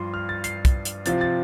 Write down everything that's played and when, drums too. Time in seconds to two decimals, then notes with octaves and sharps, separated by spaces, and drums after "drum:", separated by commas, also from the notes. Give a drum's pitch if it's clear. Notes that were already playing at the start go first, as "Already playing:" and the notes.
Already playing: G2 F3 C6
0.14 F6
0.29 A6
0.44 C7, drum: hi-hat
0.65 drum: kick, hi-hat
0.85 drum: hi-hat
1.06 C3 F3 C4 F4 A6, drum: hi-hat
1.21 A6